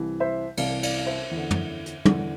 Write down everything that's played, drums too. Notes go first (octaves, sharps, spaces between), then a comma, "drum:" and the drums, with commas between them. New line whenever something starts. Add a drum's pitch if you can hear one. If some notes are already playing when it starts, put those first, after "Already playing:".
Already playing: C2 C3 E3
C5 E5
C2 C3 E3 D5 F5, drum: cymbal
D5 F5, drum: cymbal
F5
C5 E5
E2 D3
drum: tom
drum: hi-hat
E2 D3, drum: tom